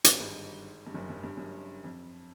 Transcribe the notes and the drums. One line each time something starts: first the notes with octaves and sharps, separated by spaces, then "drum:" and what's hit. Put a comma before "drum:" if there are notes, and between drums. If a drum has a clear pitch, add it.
G1 G2, drum: hi-hat
G#1 G#2
G2
F#1 F#2
F#2
G2
F#1 F#2
F2